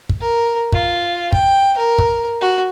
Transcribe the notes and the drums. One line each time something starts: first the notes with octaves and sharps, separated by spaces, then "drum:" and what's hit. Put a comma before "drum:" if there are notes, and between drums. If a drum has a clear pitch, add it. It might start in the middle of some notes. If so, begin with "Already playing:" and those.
drum: kick
A#4
F4, drum: kick
G5, drum: kick
A#4
drum: kick
F#4